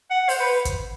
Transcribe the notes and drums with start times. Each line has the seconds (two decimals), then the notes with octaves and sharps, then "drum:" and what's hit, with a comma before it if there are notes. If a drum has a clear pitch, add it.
0.10 F#5
0.29 C5, drum: open hi-hat
0.40 B4
0.65 drum: kick, hi-hat